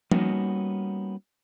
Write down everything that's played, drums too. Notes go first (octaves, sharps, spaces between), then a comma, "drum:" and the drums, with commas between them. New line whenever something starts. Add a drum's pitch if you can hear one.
G3 A#3 B3 C#4 D#4 F#4, drum: tom F3